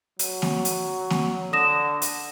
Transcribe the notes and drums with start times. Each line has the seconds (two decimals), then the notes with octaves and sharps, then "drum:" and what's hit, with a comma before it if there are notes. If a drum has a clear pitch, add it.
0.19 F#3, drum: hi-hat
0.42 drum: snare A#3
0.65 drum: hi-hat
1.10 drum: snare A#3
1.53 D3 D#6 A#6 E7
2.02 drum: hi-hat